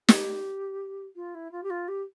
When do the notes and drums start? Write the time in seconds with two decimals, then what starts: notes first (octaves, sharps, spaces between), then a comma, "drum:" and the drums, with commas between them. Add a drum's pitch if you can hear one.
0.08 G4, drum: snare
1.16 F4
1.35 E4
1.52 F4
1.63 G4
1.70 F4
1.88 G4